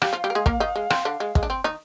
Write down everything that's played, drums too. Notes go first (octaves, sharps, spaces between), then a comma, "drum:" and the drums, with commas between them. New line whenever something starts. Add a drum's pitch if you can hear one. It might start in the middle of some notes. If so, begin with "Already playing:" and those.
G3 G4 F5, drum: rim click
F3 F4
G3 G4
A#4
G#3 G#4
A#3 A#4, drum: kick
D#3 D#4
G#3
C4, drum: rim click
D3 D4
G#3
G#3, drum: kick
D4
C4
D#3 D#4